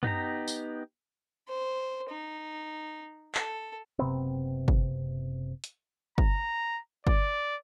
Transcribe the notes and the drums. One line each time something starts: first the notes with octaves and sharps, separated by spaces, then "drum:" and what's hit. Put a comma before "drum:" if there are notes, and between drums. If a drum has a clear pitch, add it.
B3 D#4 G4 A#5, drum: tom
drum: tambourine
C5
D#4
A4, drum: clap
F#1 C3 B3 C4
drum: kick G1
drum: hi-hat
A#5, drum: kick G1
D5, drum: kick G1